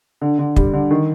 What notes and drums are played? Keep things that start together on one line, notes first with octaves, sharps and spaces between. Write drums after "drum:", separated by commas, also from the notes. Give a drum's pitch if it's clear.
D3
D3
G3, drum: kick
D3
D#3